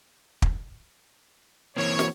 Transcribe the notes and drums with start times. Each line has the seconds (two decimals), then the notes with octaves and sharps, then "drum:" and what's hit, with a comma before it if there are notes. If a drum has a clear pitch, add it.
0.42 drum: kick
1.77 E3 A#3 C4 C#5
1.99 drum: snare